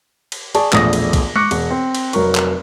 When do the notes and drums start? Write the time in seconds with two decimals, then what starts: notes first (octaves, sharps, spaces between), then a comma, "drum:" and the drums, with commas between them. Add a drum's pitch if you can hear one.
0.32 drum: cymbal
0.55 G#4 D5 A5 C#6, drum: cymbal
0.73 E1 A#1 A3 D#6 A#6, drum: clap
0.93 drum: cymbal
1.13 drum: kick B1, cymbal
1.36 C#6 D6 F#6 A#6 C#7, drum: tom G#3
1.51 E1, drum: cymbal
1.71 C4
1.95 drum: cymbal
2.13 F1 F#3 A#4 C#6, drum: cymbal
2.35 drum: clap